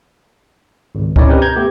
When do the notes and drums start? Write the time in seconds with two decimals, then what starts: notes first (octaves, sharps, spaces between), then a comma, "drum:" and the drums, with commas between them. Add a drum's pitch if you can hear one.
0.95 G#1 C#2
1.16 C#4 D#4 E4 C#5 D5, drum: kick C#2
1.28 C4 C#4 D#4 G4 A#4 B4
1.42 A#5 G6 G#6
1.56 A3 B3 G4